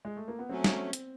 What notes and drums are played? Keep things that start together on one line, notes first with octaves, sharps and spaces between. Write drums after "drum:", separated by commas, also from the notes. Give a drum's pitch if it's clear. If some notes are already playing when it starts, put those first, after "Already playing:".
G#3
A3
A#3
B3
F#3 A3 C4 C#4
drum: snare
drum: hi-hat